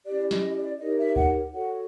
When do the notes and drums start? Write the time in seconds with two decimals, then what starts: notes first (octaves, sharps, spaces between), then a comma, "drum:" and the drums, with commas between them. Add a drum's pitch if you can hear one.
0.06 C#4 E4 G4 D5
0.31 D#5, drum: snare
0.51 D#5
0.55 D5
0.80 D#4 G4 A#4 C#5 D#5
0.98 E5
1.16 F#5, drum: kick D2
1.53 F#4 A4 C#5 F#5